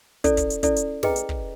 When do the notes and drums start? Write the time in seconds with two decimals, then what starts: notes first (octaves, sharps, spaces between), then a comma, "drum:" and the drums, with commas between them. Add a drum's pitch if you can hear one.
0.24 C#4 E4 A4 D5, drum: kick, hi-hat
0.37 drum: kick, hi-hat
0.50 drum: hi-hat
0.63 C#4 E4 A4 D5, drum: kick, hi-hat
0.76 drum: hi-hat
1.03 G#4 B4 D#5 G5 A#5, drum: snare
1.16 drum: hi-hat
1.29 drum: kick